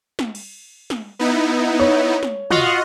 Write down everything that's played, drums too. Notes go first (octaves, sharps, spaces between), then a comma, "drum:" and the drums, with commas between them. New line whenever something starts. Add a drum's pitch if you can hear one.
drum: snare
drum: cymbal
drum: snare
B3 D#4 E4
C#5
drum: snare
F4 F#4 D#5, drum: tom